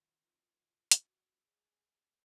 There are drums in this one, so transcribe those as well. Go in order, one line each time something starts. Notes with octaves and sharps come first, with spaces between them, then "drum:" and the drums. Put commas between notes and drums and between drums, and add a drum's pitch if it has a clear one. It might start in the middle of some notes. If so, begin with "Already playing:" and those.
Already playing: D#3 F#3 C4 F4
F#4, drum: hi-hat
G#4